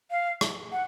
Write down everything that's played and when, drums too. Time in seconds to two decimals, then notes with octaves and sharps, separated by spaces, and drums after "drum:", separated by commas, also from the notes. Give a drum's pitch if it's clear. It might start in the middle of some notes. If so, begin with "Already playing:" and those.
0.11 F5
0.41 drum: rim click
0.72 F#5